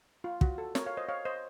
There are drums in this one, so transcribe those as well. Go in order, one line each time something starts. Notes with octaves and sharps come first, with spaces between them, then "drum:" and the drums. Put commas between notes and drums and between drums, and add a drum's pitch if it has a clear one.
F4
F#4, drum: kick
A4
A#4 C#5, drum: snare
C#5 F5
C5 D#5
C#5 F5
C5 D#5